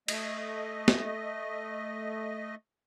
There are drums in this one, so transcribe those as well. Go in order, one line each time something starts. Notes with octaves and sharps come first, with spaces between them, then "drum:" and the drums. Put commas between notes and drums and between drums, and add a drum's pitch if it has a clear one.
A3 D#5, drum: cymbal
drum: snare